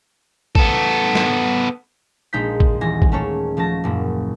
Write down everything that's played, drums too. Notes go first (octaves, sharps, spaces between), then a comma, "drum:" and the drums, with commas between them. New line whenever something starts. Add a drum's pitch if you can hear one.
B3 A4, drum: kick
drum: snare
A#1 G#3 D#4 G6 B6
drum: kick
D#1 E3 G#5 A#6
drum: kick
A3 A#3 C#4 G#4 A4 C#5
F3 A3 C#4 A5 A#6
F#1 A#2